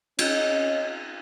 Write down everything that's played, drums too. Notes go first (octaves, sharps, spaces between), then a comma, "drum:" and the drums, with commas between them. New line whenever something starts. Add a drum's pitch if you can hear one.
C#4 C#5 D#5, drum: cymbal